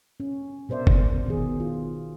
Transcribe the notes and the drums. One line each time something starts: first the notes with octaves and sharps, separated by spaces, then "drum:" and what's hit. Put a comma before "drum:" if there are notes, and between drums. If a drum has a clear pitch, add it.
C#4
B2 A#4 C5 D5 E5
drum: kick F#1
B2 D#3 G#4
F4